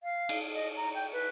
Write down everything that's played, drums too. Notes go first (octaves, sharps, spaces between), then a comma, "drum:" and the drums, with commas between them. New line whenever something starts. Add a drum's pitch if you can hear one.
F5
drum: cymbal
D#5
A#5
G5
B4